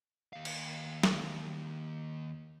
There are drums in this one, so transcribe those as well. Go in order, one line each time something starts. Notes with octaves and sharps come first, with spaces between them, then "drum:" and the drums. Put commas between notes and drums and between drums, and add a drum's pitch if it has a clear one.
D#2 F5
drum: cymbal
drum: snare